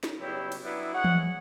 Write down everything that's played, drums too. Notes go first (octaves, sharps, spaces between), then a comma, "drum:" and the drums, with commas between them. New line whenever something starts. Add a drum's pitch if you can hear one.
drum: snare
C#3 F#3 G3 B3 E4 G4
drum: cymbal
F#3 B3 D4 E4
G#4 C#5 D#5 F#5
drum: tom E3